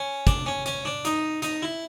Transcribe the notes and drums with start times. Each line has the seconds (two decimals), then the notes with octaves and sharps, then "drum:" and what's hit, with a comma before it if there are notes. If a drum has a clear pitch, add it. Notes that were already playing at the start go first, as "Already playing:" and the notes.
Already playing: C#4
0.27 D4, drum: kick, hi-hat
0.46 C#4
0.66 C#4, drum: hi-hat
0.85 D4
1.05 D#4, drum: hi-hat
1.42 D#4, drum: hi-hat
1.62 E4